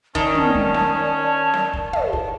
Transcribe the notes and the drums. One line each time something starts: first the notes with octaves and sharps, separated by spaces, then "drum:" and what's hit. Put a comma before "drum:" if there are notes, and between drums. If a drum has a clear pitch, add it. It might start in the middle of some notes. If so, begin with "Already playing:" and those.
D#3 C#4 D5 A5, drum: kick
drum: tom
drum: kick
drum: snare
drum: snare
drum: kick
drum: tom
drum: kick